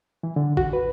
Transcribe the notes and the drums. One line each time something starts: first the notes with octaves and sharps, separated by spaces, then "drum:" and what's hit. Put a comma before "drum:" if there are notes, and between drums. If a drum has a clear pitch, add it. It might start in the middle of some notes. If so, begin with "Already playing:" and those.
E3
D3
F#4, drum: kick
B4